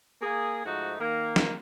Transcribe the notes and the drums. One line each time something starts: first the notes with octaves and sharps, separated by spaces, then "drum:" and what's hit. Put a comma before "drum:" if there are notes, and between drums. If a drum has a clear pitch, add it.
A#3 G#4
G#2 F3 A3 D#4 F#4
D#3 A#3
drum: snare